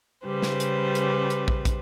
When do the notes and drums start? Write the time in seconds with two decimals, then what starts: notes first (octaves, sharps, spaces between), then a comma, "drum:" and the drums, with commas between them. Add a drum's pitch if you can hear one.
0.25 C#3 G3 B4 C5
0.42 drum: snare
0.60 drum: hi-hat
0.95 drum: hi-hat
1.30 drum: hi-hat
1.48 drum: kick
1.65 drum: kick, hi-hat